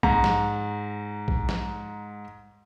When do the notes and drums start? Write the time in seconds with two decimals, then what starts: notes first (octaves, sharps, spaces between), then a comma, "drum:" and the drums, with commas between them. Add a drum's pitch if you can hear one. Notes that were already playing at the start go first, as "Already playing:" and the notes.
0.03 G#2 A#5, drum: kick A#1
0.24 drum: snare
1.28 drum: kick A#1
1.49 drum: snare